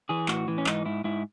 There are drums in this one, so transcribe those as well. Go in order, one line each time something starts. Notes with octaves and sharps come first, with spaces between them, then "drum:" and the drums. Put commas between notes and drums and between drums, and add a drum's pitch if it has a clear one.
E3 G#4
A2 F#4, drum: clap
E3
C#4
G#2 D#4, drum: clap
G#2 E4
G#2 E4